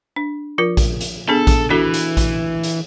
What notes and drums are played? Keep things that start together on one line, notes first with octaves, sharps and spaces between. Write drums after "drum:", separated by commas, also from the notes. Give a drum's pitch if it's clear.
D4
F3 F4 A#4
drum: kick A#1, hi-hat
drum: hi-hat
B3 D4 G#4 A4
drum: kick A#1, hi-hat
E3 D4 F#4 A4
drum: hi-hat
drum: kick A#1, hi-hat
drum: hi-hat